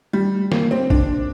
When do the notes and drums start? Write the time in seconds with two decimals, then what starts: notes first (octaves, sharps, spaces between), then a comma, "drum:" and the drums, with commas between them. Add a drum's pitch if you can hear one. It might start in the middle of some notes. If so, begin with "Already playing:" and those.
0.13 G3
0.52 A#3, drum: snare
0.71 C4
0.90 D4, drum: kick A#1